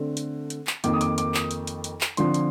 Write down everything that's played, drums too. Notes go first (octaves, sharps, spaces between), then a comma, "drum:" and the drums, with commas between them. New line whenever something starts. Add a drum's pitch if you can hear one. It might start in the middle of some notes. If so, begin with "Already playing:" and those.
Already playing: D3 A3 C4
drum: hi-hat
drum: hi-hat
drum: clap
F2 D#3 A#3 D6, drum: hi-hat
D#6
D6, drum: hi-hat
D6, drum: hi-hat
D#6, drum: clap
drum: hi-hat
drum: hi-hat
drum: hi-hat
drum: clap
D3 F3 C4 C6, drum: hi-hat
drum: hi-hat